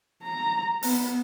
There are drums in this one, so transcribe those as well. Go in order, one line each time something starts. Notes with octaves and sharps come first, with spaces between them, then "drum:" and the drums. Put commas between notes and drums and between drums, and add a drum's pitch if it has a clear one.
A#5
B3, drum: open hi-hat